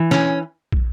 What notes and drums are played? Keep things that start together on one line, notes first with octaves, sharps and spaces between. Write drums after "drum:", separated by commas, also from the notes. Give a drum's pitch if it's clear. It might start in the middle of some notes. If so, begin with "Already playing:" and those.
Already playing: E3
C#4, drum: snare
drum: kick